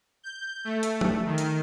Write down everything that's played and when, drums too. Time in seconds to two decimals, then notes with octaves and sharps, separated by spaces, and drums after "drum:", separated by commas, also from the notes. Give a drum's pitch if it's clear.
0.23 G6
0.65 A3
0.83 drum: hi-hat
1.01 drum: tom
1.25 D#3
1.38 drum: hi-hat